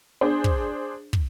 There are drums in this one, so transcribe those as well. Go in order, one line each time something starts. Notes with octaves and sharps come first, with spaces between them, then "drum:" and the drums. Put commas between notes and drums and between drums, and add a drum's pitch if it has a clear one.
D4 G#4 C5
drum: kick
drum: kick